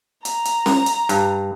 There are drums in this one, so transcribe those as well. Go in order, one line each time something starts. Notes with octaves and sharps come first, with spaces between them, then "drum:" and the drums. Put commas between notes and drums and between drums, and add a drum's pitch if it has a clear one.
A#5, drum: hi-hat
drum: hi-hat
drum: snare C#4
drum: hi-hat
G2, drum: hi-hat